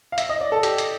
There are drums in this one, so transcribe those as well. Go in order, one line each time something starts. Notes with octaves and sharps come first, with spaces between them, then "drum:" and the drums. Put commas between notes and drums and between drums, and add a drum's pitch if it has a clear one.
F5
E5, drum: hi-hat
D#5
D5
A4
G4, drum: hi-hat
drum: hi-hat